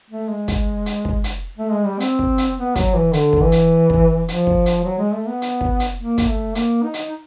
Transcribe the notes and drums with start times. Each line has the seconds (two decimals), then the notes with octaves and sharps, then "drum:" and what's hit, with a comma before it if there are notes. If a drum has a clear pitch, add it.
0.10 A3
0.28 G#3
0.48 drum: kick, hi-hat
0.86 drum: hi-hat
1.05 drum: kick
1.24 drum: hi-hat
1.57 A3
1.72 G#3
1.85 G3
2.00 C4, drum: hi-hat
2.19 drum: kick
2.38 drum: hi-hat
2.57 B3
2.76 F#3, drum: kick, hi-hat
2.94 E3
3.13 D3, drum: hi-hat
3.33 drum: kick
3.42 E3
3.52 drum: hi-hat
3.90 drum: kick
4.28 F3, drum: hi-hat
4.47 drum: kick
4.66 drum: hi-hat
4.85 F#3
4.98 G#3
5.13 A3
5.28 B3
5.42 drum: hi-hat
5.61 drum: kick
5.80 drum: hi-hat
5.98 A#3
6.18 drum: kick, hi-hat
6.27 A3
6.55 A#3, drum: hi-hat
6.84 D#4
6.94 drum: hi-hat